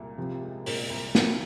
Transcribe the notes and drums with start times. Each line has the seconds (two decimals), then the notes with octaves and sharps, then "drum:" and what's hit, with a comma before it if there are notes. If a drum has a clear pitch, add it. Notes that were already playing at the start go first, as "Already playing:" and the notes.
Already playing: C2 A#2 G#3
0.18 C3 F3
0.42 G#3
0.66 A#2, drum: open hi-hat
0.90 C2
1.15 F3, drum: snare